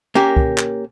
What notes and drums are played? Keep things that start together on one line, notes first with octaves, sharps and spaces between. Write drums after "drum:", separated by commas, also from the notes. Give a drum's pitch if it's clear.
A#3 C#4 G4 A#4
drum: kick
drum: clap